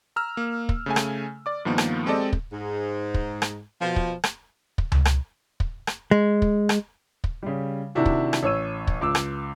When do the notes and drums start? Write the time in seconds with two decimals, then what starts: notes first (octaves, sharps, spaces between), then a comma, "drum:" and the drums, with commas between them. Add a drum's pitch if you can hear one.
0.16 A#5 E6 F6
0.37 A#3
0.69 drum: kick
0.86 C#3 A3 G#5
0.96 drum: rim click
1.46 D5 D6
1.65 G2 D#3 F3 A#3 B3
1.78 drum: rim click
2.06 G#3 C4 G4 A4 D5 D#5
2.33 drum: kick
2.53 G#2
3.14 drum: kick
3.42 drum: rim click
3.81 B2 F3
3.96 drum: kick
4.24 drum: rim click
4.78 drum: kick
4.92 drum: tom C#2
5.05 drum: rim click
5.60 drum: kick
5.87 drum: rim click
6.11 G#3
6.42 drum: kick
6.69 drum: rim click
7.24 drum: kick
7.43 C#3 G3
7.95 C3 D#3 D4 E4 F#4
8.06 drum: kick
8.33 drum: rim click
8.43 A1 C#5 E6 D#7
8.87 drum: kick
9.01 C#2 D6 E6
9.15 drum: rim click